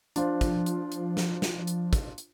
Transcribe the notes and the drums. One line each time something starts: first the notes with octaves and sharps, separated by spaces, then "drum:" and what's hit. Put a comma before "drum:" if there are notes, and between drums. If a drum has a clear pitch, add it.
F3 D4 F4 C5, drum: hi-hat
drum: kick, hi-hat
drum: hi-hat
drum: hi-hat
drum: snare
drum: snare
drum: hi-hat
drum: kick, hi-hat
drum: hi-hat